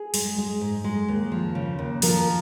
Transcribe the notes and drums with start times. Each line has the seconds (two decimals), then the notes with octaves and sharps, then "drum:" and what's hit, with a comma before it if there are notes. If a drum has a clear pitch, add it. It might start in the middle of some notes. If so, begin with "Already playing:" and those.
Already playing: G#4
0.14 G#3, drum: open hi-hat
0.38 G#3
0.61 G#2
0.84 G#3
1.08 D#2
1.32 F3
1.55 C#3
1.79 D#2
2.02 F3 A#4, drum: open hi-hat